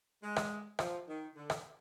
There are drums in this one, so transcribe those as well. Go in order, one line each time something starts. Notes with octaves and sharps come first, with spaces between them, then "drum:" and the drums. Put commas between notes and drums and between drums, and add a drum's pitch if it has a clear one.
G#3
drum: rim click
F3, drum: rim click
D#3
D3
drum: rim click